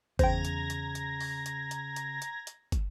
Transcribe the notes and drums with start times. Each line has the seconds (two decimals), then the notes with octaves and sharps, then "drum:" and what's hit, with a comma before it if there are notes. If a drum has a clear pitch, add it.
0.19 E2 C#3 C5 G5 A#5 G#6 A#6, drum: kick, hi-hat
0.45 drum: hi-hat
0.70 drum: hi-hat
0.95 drum: hi-hat
1.20 drum: open hi-hat
1.46 drum: hi-hat
1.71 drum: hi-hat
1.96 drum: hi-hat
2.22 drum: hi-hat
2.47 drum: hi-hat
2.72 drum: kick, hi-hat